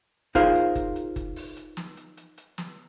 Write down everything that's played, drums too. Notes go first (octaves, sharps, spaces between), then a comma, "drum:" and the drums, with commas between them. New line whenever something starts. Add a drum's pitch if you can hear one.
D#4 F4 G#4 A#4 C5 F5, drum: kick F#1, hi-hat
drum: hi-hat
drum: kick F#1, hi-hat
drum: hi-hat
drum: kick F#1, hi-hat
drum: open hi-hat
drum: hi-hat
drum: snare
drum: hi-hat
drum: hi-hat
drum: hi-hat
drum: snare